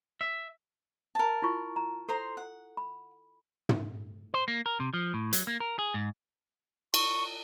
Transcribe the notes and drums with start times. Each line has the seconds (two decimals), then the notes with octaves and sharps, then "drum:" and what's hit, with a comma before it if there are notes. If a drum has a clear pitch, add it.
0.21 E5
1.15 A#4 A5
1.42 E4 F4 C#6
1.76 A#5
2.09 A4 C5 A#5 C6
2.37 F#5
2.77 B5
3.69 drum: tom
4.34 C5
4.48 A#3
4.66 A#4
4.80 C3
4.94 F3
5.14 A2
5.33 F#3, drum: hi-hat
5.47 A#3
5.60 A#4
5.79 G#4
5.94 G#2
6.94 C#6, drum: cymbal